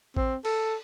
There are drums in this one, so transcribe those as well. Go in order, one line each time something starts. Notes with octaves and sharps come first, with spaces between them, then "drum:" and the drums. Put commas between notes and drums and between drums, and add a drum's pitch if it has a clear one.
C4, drum: kick A1
A4, drum: cymbal